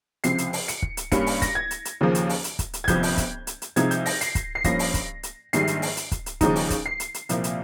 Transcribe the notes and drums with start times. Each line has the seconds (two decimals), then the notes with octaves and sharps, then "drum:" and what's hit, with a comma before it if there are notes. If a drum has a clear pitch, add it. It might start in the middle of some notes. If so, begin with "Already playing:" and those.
0.24 C#2 C3 F3 C4 C7, drum: hi-hat
0.38 drum: hi-hat
0.53 drum: open hi-hat
0.68 C#7, drum: hi-hat
0.82 drum: kick
0.97 drum: hi-hat
1.12 G2 G3 A#3 C#4 C#7, drum: kick, hi-hat
1.27 drum: open hi-hat
1.42 A#6, drum: kick, hi-hat
1.55 G#6
1.71 drum: hi-hat
1.85 drum: hi-hat
2.01 D#2 C#3 F3 A#3
2.15 drum: hi-hat
2.29 drum: open hi-hat
2.44 drum: hi-hat
2.59 drum: kick, hi-hat
2.73 drum: hi-hat
2.84 G#6
2.88 G1 F2 C3 F3 G6, drum: kick, hi-hat
3.03 drum: open hi-hat
3.18 drum: kick, hi-hat
3.47 drum: hi-hat
3.62 drum: hi-hat
3.76 C2 C3 F3 G#3 D#4 G#6, drum: hi-hat
3.91 G6, drum: hi-hat
4.06 A#6, drum: open hi-hat
4.21 C7, drum: hi-hat
4.35 drum: kick, hi-hat
4.55 C7
4.64 G2 F3 A#3 C#4 A#6, drum: kick, hi-hat
4.79 drum: open hi-hat
4.94 drum: kick, hi-hat
5.23 drum: hi-hat
5.53 A#1 G#2 D#3 G3 C7, drum: hi-hat
5.67 drum: hi-hat
5.82 drum: open hi-hat
5.97 drum: hi-hat
6.12 drum: kick, hi-hat
6.26 drum: hi-hat
6.41 D#2 C#3 F3 G#3 D#4, drum: kick, hi-hat
6.56 drum: open hi-hat
6.70 drum: kick, hi-hat
6.86 C7
7.00 drum: hi-hat
7.14 drum: hi-hat
7.29 C2 A#2 F3 A#3, drum: hi-hat
7.44 drum: hi-hat